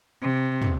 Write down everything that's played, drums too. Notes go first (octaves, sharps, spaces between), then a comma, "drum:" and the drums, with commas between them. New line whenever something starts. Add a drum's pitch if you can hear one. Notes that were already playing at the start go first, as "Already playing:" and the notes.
C3
drum: tom